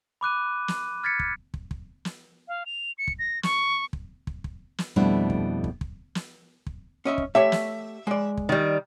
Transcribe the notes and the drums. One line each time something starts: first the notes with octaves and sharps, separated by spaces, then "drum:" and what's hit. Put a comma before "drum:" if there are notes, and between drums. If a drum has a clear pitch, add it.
B5 D6 F#6 D#7
drum: snare
F6 G#6 A6 B6 C#7
drum: kick
drum: kick
drum: kick
drum: snare
F5
F7
C#7
drum: kick
A#6
C#6, drum: snare
drum: kick
drum: kick
drum: kick
drum: snare
F2 B2 G3 A3 D4 E4
drum: kick
drum: kick
drum: kick
drum: snare
drum: kick
C#4 D#5 E5
drum: kick
A3 G4 C#5 E5
drum: snare
G#3 D5
drum: kick
D#3 G3